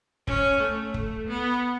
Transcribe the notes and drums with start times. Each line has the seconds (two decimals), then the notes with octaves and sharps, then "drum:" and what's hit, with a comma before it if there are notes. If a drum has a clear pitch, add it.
0.27 C#4, drum: kick
0.60 A3
0.94 drum: kick
1.28 B3